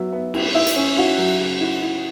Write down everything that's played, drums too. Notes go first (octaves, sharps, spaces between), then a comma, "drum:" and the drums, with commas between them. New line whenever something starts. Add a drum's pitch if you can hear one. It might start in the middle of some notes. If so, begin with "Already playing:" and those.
Already playing: F#3 B3 E5
B3
E4, drum: cymbal
E4 E5
drum: hi-hat
C#4
E4 F#4 F#5
F#3
C#3
E4
E4